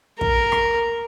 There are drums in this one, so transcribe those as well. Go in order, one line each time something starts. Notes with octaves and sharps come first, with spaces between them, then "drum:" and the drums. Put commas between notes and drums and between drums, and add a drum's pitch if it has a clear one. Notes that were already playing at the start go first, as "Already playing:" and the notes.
A#4, drum: kick
drum: rim click